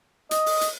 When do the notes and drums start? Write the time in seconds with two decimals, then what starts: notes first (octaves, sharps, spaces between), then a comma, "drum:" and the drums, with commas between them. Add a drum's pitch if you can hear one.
0.31 D#5, drum: hi-hat
0.46 drum: open hi-hat
0.61 drum: hi-hat